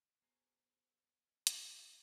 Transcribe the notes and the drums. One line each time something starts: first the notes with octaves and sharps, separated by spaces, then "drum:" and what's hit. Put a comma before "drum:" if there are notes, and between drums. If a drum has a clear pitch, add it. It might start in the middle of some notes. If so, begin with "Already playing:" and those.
B3 F#4 G#4 C5 G#5 A#5
drum: hi-hat